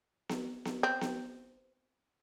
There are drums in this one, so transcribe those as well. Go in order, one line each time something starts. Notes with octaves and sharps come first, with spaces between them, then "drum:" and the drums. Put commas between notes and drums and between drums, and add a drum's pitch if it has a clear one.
drum: snare B3
drum: snare B3
C4
drum: snare B3